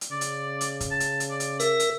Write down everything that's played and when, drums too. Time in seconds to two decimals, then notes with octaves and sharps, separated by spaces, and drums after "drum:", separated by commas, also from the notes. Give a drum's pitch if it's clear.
0.01 drum: hi-hat
0.11 C#3 D5
0.21 drum: hi-hat
0.61 drum: hi-hat
0.80 drum: kick, hi-hat
0.91 A5
1.00 drum: hi-hat
1.20 drum: hi-hat
1.31 D5
1.40 drum: hi-hat
1.60 A#4 E5, drum: hi-hat
1.80 drum: hi-hat